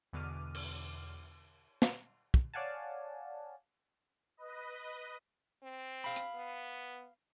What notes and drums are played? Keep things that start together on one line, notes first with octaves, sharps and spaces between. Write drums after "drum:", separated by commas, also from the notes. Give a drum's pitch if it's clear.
E2 B2 D3 D6 F6 D#7
drum: cymbal
drum: snare
drum: kick
C#5 D5 F5 F#5 G#5 A5
B4 D#5
C4
F5 B5
drum: hi-hat
B3